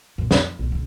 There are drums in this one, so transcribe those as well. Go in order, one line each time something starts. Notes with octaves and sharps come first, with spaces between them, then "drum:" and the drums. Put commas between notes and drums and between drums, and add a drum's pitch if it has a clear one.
F#2 B2
F2, drum: snare
B1 G3
E1 C#2